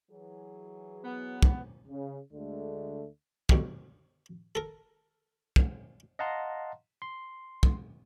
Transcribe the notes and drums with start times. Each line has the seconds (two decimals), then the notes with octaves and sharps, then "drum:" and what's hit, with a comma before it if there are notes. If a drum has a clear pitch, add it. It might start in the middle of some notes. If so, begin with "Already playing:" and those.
0.11 E3 F#3 G#4
1.04 B3
1.43 drum: kick
1.88 C#3
2.31 D2 D3 G#3 A3
3.49 B1 B2 D3 G3 F#4, drum: kick
4.55 A4 A#4
5.56 drum: kick
6.19 D#5 F5 F#5 A5 A#5 C6
7.02 C6
7.63 drum: kick